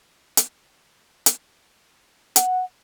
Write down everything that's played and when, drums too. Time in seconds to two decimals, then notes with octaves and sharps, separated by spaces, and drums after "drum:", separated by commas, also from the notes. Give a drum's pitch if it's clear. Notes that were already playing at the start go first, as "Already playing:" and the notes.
0.37 drum: hi-hat
1.26 drum: hi-hat
2.36 F#5, drum: hi-hat